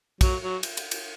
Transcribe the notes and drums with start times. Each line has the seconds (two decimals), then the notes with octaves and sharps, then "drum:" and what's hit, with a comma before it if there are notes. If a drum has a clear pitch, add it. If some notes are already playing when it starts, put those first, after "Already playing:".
0.21 F#3, drum: kick, cymbal
0.42 F#3
0.63 drum: cymbal
0.77 drum: cymbal
0.91 drum: cymbal